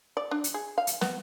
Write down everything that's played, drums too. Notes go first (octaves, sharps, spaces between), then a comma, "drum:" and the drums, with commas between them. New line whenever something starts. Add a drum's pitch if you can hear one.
D5
D4
drum: hi-hat
G#4
F5
drum: hi-hat
B3, drum: snare